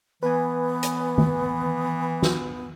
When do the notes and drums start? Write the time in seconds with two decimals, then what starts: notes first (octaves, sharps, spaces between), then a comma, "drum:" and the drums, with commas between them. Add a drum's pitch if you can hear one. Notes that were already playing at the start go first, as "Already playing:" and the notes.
0.23 E3 B3 B4 G#5
0.83 drum: hi-hat
1.18 drum: tom D#3
2.22 drum: snare